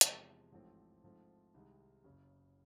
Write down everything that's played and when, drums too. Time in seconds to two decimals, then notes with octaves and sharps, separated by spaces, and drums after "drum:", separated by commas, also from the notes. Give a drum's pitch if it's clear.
0.01 E2 C3 F3 G#3, drum: hi-hat
0.52 A1 G#2 F3 A3 C4
1.04 G#2 F3 A3 C4
1.54 C2 C3 D#3 G#3
2.04 F#1 F#2 C#3